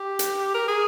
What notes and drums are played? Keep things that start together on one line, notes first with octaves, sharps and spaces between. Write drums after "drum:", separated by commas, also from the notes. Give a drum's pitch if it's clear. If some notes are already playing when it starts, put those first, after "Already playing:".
Already playing: G4
drum: hi-hat
A#4
G#4